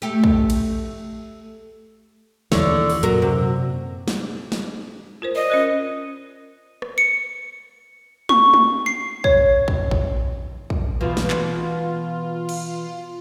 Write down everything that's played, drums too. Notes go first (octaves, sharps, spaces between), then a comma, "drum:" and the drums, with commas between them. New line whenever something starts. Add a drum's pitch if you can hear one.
A3 G4
drum: kick
drum: cymbal
D#2 D3 E3 C#5, drum: snare
drum: open hi-hat
F#2 A#2 F#3 F#4 A#4, drum: hi-hat
C3 F#4
drum: snare
drum: snare
F4 A#4 C5
D5 D#5
C#4 A#4 F#6
drum: rim click
C#7
C#6, drum: tom
drum: tom
C7
C#5, drum: kick
drum: kick
drum: kick
drum: kick
B2 E3 F4 F5
drum: snare
drum: clap
drum: cymbal